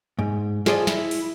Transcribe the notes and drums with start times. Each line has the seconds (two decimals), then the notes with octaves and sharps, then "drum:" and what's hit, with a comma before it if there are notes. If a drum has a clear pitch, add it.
0.19 G#2
0.66 F4 G#4 A4 C5 D5 D#5, drum: snare
0.87 E4, drum: snare
1.11 drum: open hi-hat